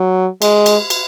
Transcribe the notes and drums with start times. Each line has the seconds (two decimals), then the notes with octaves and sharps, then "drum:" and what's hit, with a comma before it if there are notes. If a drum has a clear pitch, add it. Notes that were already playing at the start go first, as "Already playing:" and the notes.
Already playing: F#3
0.42 G#3, drum: cymbal
0.66 drum: cymbal
0.90 drum: cymbal